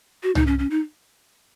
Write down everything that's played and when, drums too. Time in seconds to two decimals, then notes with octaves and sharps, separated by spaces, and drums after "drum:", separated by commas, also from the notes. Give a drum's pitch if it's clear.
0.23 F#4
0.35 D#4, drum: tom C2
0.47 C#4
0.59 C#4
0.71 D#4